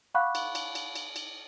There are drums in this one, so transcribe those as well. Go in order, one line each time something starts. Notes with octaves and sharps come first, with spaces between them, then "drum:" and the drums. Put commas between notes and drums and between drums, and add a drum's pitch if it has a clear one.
F5 F#5 B5 C#6 D6 F#6
drum: cymbal
drum: cymbal
drum: cymbal
drum: cymbal
drum: cymbal